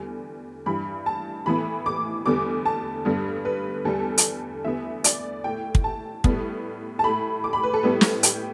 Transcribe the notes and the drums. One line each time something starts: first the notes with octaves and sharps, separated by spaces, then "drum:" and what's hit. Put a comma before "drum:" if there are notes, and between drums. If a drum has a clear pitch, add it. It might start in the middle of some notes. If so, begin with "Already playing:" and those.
Already playing: E2 D3 G3
G2 E3 G3 B5
A5
A2 E3 B3 B5
D6
E2 D3 G3 B3 D6
A5
G2 D3 G3 B3
B4
E2 D3 G3 A4
drum: hi-hat
E2 D3 B3 E5
D5, drum: hi-hat
A2 A3 G5
drum: kick
A5
A2 G3 B3, drum: kick
A5
A2 A3 B5
D6
B5
B4
A4
A2 G3 B3 B4
drum: snare
G4, drum: hi-hat